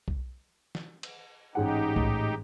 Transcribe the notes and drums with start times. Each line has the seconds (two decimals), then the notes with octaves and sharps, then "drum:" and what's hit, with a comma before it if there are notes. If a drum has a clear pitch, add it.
0.08 drum: kick B1
0.75 drum: snare
1.03 drum: cymbal
1.55 A1 G#2 D#4 G4 F#5
1.96 A2 A3, drum: kick B1